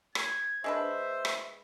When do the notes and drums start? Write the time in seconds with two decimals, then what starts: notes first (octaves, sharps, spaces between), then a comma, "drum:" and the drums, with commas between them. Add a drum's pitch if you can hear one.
0.15 G#6, drum: rim click
0.64 G#3 D4 B4 C5 E5
1.25 drum: rim click